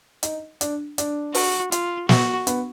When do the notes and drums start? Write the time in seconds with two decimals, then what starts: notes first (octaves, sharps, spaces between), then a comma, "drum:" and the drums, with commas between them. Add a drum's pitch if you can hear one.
0.23 D#4, drum: hi-hat
0.61 D4, drum: hi-hat
0.98 D4, drum: hi-hat
1.34 F#4, drum: open hi-hat
1.72 F4, drum: hi-hat
2.09 F#4, drum: snare
2.47 B3, drum: hi-hat